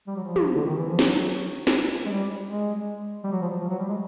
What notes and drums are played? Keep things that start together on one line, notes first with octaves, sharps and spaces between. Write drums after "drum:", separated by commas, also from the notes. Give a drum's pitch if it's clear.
G3
F#3
F3
drum: tom
D3
D#3
E3
F3
F#3, drum: snare
drum: snare
G#3
G3
G#3
G3
F#3
F3
F3
F#3
G3
G#3